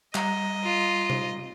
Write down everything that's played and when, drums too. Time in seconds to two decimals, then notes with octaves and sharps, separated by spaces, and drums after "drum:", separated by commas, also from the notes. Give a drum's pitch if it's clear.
0.15 G3 D#5 A#5, drum: clap
0.63 F4
1.10 drum: tom C3